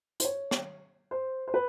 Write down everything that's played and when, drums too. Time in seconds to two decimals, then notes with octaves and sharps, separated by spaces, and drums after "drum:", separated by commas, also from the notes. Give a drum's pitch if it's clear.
0.20 C5, drum: hi-hat
0.24 C#5
0.51 drum: rim click
1.11 C5
1.48 C5
1.54 B4